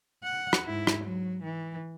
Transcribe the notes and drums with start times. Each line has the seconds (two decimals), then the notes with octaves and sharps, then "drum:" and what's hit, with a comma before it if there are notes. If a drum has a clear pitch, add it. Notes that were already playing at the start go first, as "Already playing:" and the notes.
0.24 F#5
0.53 drum: rim click
0.66 G#2 E4
0.87 drum: rim click
1.04 F#3
1.43 E3